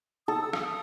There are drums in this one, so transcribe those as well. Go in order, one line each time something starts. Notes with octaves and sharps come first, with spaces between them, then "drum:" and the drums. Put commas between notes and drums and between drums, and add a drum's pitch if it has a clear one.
A4 D#6
E6
D#6, drum: rim click